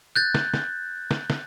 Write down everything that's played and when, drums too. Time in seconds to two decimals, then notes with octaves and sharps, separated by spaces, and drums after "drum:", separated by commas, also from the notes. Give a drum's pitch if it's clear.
0.16 F#6 G6 A6
0.35 drum: snare
0.54 drum: snare
1.11 drum: snare
1.30 drum: snare